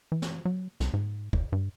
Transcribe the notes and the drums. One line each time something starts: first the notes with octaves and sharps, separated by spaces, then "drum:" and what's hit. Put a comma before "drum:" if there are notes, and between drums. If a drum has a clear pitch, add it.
E3
drum: snare
F#3
C2, drum: snare
G#2
F1, drum: kick
G2